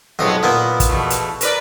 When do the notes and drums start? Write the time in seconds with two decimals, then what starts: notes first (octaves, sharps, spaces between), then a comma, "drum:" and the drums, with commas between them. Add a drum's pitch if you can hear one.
0.19 B1 F2 G#3 A3 B3 D#5
0.43 A#2 A#3 B3 E4
0.80 drum: kick, hi-hat
0.89 E2 B2 A3
1.10 drum: hi-hat
1.41 A#4 B4 D5, drum: hi-hat